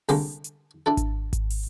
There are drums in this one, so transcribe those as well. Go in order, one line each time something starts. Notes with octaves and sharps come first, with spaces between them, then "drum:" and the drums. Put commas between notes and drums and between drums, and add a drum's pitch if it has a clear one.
C2 D3 G3 G#3 A#3, drum: open hi-hat
drum: hi-hat
D4 E4 A4
drum: kick G#1, hi-hat
drum: kick G#1, hi-hat
drum: open hi-hat